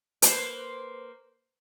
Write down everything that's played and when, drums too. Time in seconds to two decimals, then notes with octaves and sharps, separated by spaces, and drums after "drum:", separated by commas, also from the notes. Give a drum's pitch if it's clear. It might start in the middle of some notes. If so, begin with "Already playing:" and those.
0.22 A#3 B4 C5, drum: hi-hat